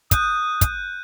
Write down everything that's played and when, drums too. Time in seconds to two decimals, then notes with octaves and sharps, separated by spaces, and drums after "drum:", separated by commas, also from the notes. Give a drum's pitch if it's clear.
0.11 D#6 F#6 G6 D#7, drum: kick, hi-hat
0.61 drum: kick, hi-hat